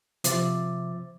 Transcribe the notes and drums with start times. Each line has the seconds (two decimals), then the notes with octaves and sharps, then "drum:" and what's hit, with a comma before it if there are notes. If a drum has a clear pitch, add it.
0.24 C3 F3 C5 E5 D6 A6, drum: hi-hat